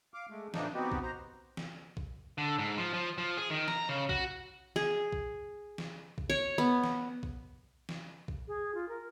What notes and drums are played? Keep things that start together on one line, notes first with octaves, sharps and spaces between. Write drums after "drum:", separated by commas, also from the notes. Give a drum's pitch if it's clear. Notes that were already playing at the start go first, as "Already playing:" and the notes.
F5 D6
G#3 A3
A2 E3 F3 D4 D#4, drum: snare
B3 C4 D#4 F#4 G4
drum: kick
C5 A#5
drum: snare
drum: kick
D3
G#2
F3
F3
F3
G#4
D#3
A#5, drum: snare
C#3
F#4, drum: kick
G#4, drum: snare
drum: kick
drum: snare
drum: kick
C#5
B3
drum: snare
drum: kick
drum: snare
drum: kick
G#4
F4
A#4